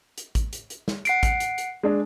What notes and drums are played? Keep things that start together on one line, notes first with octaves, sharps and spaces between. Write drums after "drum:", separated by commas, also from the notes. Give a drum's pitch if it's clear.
drum: hi-hat
drum: kick A1, hi-hat
drum: hi-hat
drum: hi-hat
drum: snare
F#5 C7 D7, drum: hi-hat
drum: kick A1, hi-hat
drum: hi-hat
drum: hi-hat
G#3 D4